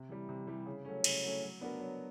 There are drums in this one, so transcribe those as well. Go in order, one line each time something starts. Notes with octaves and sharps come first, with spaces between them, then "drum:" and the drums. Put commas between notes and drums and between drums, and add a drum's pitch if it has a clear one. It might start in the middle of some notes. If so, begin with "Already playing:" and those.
Already playing: C3
E3 G3
C3
E3 G3
C#3
F#3 A3 C#4
C#3, drum: cymbal
F#3 A3 C#4
F#3
B3 D4 F#4 A#4
F#3